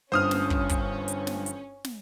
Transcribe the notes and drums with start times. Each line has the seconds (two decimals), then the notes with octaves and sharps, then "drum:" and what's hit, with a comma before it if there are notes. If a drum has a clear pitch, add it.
0.12 G1 G2 C#4 C5 D#6 F6
0.31 drum: snare
0.50 drum: kick
0.69 drum: kick, hi-hat
1.08 drum: hi-hat
1.27 drum: snare
1.46 drum: hi-hat
1.84 drum: snare